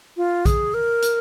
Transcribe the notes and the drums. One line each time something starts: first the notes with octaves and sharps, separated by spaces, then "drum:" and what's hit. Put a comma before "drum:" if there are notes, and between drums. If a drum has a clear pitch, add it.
F4
G#4, drum: kick A#1, hi-hat
A#4
drum: hi-hat